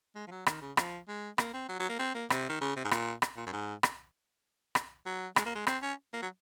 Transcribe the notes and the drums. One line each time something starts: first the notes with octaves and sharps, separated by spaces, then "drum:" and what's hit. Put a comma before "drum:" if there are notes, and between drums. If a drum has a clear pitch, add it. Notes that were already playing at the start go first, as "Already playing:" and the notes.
G#3
F3
F#3
D#3, drum: rim click
C#3
F3, drum: rim click
G#3
A#3, drum: rim click
C4
F#3
F#3
A#3
C4
A#3
C3, drum: rim click
D#3
C#3
C3
G#2
A#2, drum: rim click
drum: rim click
A#2
F#2
G#2
drum: rim click
drum: rim click
F#3
G#3, drum: rim click
A#3
G#3
C4, drum: rim click
C#4
A#3
F#3